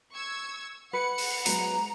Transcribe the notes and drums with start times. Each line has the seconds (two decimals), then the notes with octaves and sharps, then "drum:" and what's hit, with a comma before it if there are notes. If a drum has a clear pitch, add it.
0.14 C#6 E6 G#6
0.93 B4 F#5 C#7
1.18 drum: open hi-hat
1.46 F#3 G#3 B3 A#5, drum: hi-hat